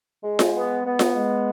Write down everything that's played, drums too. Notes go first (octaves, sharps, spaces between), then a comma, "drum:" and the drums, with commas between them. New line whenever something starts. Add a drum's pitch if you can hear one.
G#3
drum: snare F4
B3
B3
drum: snare F4
G#3